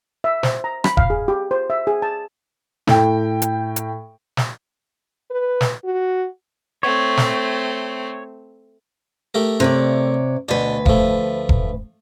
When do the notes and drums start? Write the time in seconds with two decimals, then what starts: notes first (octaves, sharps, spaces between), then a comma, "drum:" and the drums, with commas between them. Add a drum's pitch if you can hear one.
0.24 E5
0.43 C5, drum: snare
0.64 A#5
0.84 B5, drum: rim click
0.97 F5, drum: kick E1
1.10 G#4
1.28 G4
1.51 C5
1.70 E5
1.87 G#4
2.02 A5
2.87 A2 G5, drum: snare
3.42 drum: hi-hat
3.76 drum: hi-hat
4.37 drum: snare
5.31 B4
5.61 drum: snare
5.84 F#4
6.83 A3 C4 C#5
7.17 drum: snare
9.34 A3 G4 A#4
9.60 C3 C#5 D5
10.49 D2 B2 D4 B4
10.86 F3 A3, drum: kick E1
11.49 drum: kick E1